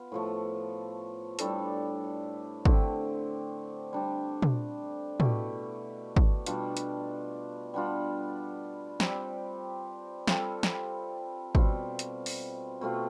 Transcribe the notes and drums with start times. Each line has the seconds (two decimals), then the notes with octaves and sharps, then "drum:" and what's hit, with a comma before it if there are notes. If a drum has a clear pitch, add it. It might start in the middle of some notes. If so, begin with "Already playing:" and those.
Already playing: B3 F4
0.12 A2 F3 A3
1.39 A2 G3 D4 A4, drum: hi-hat
2.65 D3 A3 C4 G4, drum: kick G#1
3.93 G3 D4 G4
4.42 drum: tom
5.20 B2 A3 E4 G4, drum: tom
6.16 drum: kick G#1
6.46 B2 G3 D4 F4, drum: hi-hat
6.77 drum: hi-hat
7.74 G3 B3 D4 F4
9.00 G3 C4 G4, drum: snare
10.27 G3 C4 F4 A4, drum: snare
10.63 drum: snare
11.55 B2 G3 C4 F4, drum: kick G#1
11.99 drum: hi-hat
12.26 drum: open hi-hat
12.81 B2 A3 C4 F4